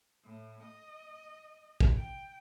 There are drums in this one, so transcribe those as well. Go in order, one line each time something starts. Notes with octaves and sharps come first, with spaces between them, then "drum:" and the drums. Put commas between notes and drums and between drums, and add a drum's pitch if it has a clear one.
A2
D#5
drum: kick
G5